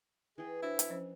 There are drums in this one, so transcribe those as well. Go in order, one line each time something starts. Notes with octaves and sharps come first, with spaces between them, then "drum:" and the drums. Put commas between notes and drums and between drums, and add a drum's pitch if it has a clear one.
E3 G#4 G5
D4 E4 F#4 C5
drum: hi-hat
F3 C#4 C5